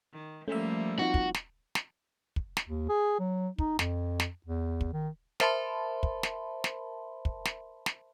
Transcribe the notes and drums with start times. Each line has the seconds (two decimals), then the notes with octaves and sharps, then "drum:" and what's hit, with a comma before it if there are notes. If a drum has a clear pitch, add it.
0.13 D#3
0.48 F3 G3 A3 A#3 C#4 E5
0.99 C4 D#4 F4 F#4
1.14 drum: kick
1.34 drum: snare
1.75 drum: snare
2.36 drum: kick
2.57 drum: snare
2.68 D#2
2.89 G#4
3.19 F#3
3.58 D#4, drum: kick
3.79 F2, drum: snare
4.20 drum: snare
4.46 E2
4.81 drum: kick
4.93 D#3
5.40 A#4 C5 E5 A5 B5 C6, drum: snare
6.03 drum: kick
6.23 drum: snare
6.64 drum: snare
7.25 drum: kick
7.45 drum: snare
7.86 drum: snare